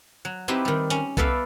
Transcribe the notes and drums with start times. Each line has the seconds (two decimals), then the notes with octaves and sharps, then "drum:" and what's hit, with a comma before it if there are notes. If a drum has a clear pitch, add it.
0.25 F#3
0.48 C4 D#4 E4 G4 B4
0.65 D#3 G3
0.90 C#4, drum: hi-hat
1.17 B3 A4 B4 D5 E5 F5, drum: kick C2